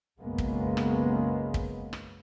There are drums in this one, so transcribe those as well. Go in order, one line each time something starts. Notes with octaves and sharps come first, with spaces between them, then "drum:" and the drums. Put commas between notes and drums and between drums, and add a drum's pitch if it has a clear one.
B1 F#2 C#3 G#3 A#3 B3
drum: kick
drum: rim click
drum: kick
drum: rim click